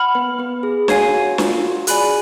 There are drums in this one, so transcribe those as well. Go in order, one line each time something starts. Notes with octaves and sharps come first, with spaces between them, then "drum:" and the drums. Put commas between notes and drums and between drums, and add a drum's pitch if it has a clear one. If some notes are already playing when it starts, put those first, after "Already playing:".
Already playing: F#5 B5 F6
B3 B4
B3 B4
G#4
F#4 C#5 F5 G#5, drum: snare
F#4
F4, drum: snare
F#4
G#4 D5 G#5 B5 F#6, drum: hi-hat